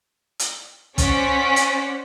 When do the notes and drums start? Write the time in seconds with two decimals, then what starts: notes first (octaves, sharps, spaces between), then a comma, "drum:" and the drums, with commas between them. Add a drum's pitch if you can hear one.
0.39 drum: hi-hat
0.98 C#4 C5 D5 F#5 B6, drum: kick, hi-hat
1.56 drum: hi-hat